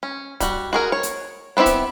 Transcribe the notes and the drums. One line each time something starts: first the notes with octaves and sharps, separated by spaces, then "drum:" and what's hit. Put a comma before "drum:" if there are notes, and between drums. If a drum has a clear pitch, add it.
C#4
G3 F#4, drum: kick, hi-hat
F#4 G#4 A#4
C#5
drum: hi-hat
B3 C4 D#4 E4 G4
drum: kick, hi-hat